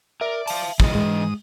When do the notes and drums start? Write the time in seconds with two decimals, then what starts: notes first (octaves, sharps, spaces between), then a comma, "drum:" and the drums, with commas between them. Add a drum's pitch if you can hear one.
0.21 A#4 D5 E5
0.47 F5 A5, drum: open hi-hat
0.80 G#2 E3 D#5 D#6, drum: kick
0.95 G#3